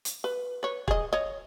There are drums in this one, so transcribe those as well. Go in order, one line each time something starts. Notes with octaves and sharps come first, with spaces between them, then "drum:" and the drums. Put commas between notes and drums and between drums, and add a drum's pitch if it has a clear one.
drum: hi-hat
B4
B4 C#5
G#4 D#5, drum: kick
C#5 D#5